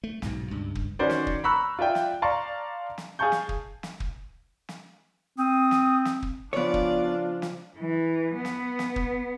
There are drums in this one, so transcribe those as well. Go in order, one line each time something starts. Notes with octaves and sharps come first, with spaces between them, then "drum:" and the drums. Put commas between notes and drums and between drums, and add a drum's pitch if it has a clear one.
A3
B1 G#2 B2, drum: snare
C#2 G2
drum: kick
D#3 C#4 F#4 C5 D5
drum: snare
drum: kick
A#5 B5 C#6 E6 F#6
F4 D5 E5 G5
drum: snare
D5 F5 A5 A#5 C6 C#6
drum: snare
G#4 F5 G#5 A5 C#6 G6
drum: snare
drum: kick
drum: snare
drum: kick
drum: snare
C4 D#6
drum: snare
drum: snare
drum: kick
C#3 F3 B3 D4 F4 C#5 D5
drum: kick
drum: snare
E3
B3
drum: snare
drum: snare
drum: kick